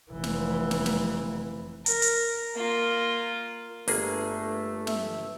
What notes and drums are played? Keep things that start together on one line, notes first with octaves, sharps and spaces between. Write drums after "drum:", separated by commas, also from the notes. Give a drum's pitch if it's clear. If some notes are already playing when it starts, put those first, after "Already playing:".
F1 E3
drum: snare
drum: snare
drum: snare
A#4, drum: hi-hat
drum: hi-hat
A#3 F4
G1 A3 A#3 G#4, drum: open hi-hat
E5, drum: snare